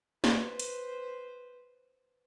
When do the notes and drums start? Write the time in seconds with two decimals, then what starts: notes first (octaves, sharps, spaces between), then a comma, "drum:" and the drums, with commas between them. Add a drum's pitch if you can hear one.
0.24 B4 C5, drum: snare
0.60 drum: hi-hat